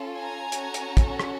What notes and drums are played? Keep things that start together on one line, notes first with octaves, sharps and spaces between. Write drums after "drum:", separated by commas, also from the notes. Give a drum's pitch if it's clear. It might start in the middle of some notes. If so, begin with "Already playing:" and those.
Already playing: C#4 F4 A4
G#5 A#5
C#4 F#4 A4, drum: hi-hat
drum: hi-hat
drum: kick, hi-hat
drum: rim click